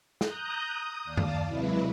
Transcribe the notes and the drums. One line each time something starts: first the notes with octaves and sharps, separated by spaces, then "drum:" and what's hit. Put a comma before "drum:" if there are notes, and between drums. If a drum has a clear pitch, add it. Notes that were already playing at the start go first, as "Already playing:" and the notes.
A#5 D#6 F#6 G6, drum: snare
D#6
D#2 D5 F5 A5
drum: tom F#2
C3 F#3 G#3 E4 B4